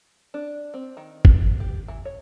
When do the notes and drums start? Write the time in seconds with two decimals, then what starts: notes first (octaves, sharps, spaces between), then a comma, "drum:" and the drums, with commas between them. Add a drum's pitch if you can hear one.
0.34 D4
0.74 C4
0.97 D#3
1.25 drum: kick
1.60 G4
1.88 E3
2.05 C#5